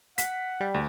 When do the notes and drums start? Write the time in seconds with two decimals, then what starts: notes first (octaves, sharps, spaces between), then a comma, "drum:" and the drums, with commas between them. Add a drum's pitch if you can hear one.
0.18 F#5 B6, drum: hi-hat
0.60 G3
0.74 D2